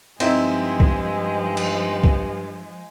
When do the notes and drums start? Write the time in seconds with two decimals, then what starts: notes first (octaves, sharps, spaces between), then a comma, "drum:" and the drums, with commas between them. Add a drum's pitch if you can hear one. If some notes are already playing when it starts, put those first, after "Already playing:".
0.20 G2 F3 G#3 C4 D#4 E4, drum: cymbal
0.80 drum: kick B1
1.57 drum: cymbal
2.04 drum: kick B1